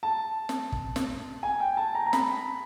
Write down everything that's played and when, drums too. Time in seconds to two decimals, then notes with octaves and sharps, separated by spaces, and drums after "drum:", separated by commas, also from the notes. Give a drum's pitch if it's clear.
0.03 A5
0.49 drum: snare
0.72 drum: kick
0.96 drum: snare
1.43 G#5
1.60 G5
1.77 A5
1.95 A#5
2.06 A#5
2.13 B5, drum: snare